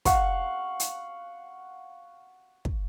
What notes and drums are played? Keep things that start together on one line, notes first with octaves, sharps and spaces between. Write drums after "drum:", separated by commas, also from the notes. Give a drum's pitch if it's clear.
F5 F#5 C#6, drum: kick, hi-hat
drum: hi-hat
drum: kick